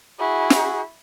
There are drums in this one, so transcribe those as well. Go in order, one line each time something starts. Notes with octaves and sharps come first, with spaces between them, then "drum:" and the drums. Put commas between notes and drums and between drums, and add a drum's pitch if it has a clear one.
E4 F#4 G#4
drum: snare